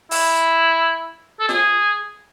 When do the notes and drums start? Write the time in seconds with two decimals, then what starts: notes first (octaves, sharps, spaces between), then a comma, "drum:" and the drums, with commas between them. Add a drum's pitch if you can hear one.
0.11 E4, drum: open hi-hat
1.40 A4
1.49 G#4, drum: snare F4